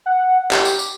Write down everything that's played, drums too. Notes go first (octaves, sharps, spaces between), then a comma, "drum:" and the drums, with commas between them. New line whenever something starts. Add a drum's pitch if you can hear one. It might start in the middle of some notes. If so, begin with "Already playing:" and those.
F#5
G4, drum: clap
drum: tambourine
drum: tambourine